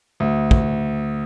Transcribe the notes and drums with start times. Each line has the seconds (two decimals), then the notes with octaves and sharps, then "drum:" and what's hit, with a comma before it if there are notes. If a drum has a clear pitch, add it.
0.20 D2
0.51 drum: kick